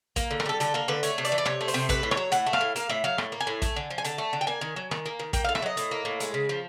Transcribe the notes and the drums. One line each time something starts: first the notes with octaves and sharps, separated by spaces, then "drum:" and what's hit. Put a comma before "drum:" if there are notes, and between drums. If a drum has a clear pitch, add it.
A#3, drum: kick, hi-hat
D3
A#4, drum: rim click
G3 A4
D3 A4, drum: hi-hat
A#3 A#4
D3 B4
A3 C#5, drum: hi-hat
C3
D5, drum: hi-hat
E3
D5
C3 C#5, drum: rim click
A3
C5, drum: open hi-hat
C3
A3 B4, drum: kick, hi-hat
A2
C#5, drum: rim click
F#3
A2 F#5, drum: hi-hat
A3
F5, drum: rim click
A2
A#3 F5, drum: hi-hat
A2 E5
F#3 F5
A2, drum: rim click
A#3
G#5
A2
A3, drum: kick, hi-hat
D3
F3
G#5
D3 A5, drum: hi-hat
A3
D3
G5
A#3 G#5
D#3
F#3
D#3, drum: rim click
A#3
D#3
A#3 G5, drum: kick, hi-hat
A2 F5
E5, drum: rim click
F#3 D#5
A2, drum: hi-hat
A#3
A2
G#3, drum: hi-hat
C#3
F3